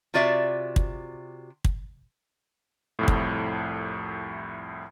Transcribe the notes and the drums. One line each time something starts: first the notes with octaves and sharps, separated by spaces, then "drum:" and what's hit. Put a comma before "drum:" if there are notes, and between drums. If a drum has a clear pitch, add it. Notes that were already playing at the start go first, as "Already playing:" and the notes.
C3 F4 F#4 D5 E5
drum: kick
drum: kick
C2 F2 A2
drum: kick